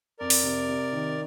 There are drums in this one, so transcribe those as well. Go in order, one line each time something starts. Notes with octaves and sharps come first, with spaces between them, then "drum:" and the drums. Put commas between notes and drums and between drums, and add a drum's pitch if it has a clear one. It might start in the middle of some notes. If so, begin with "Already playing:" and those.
F2 A#4 D5
drum: open hi-hat
C3
C3
D#3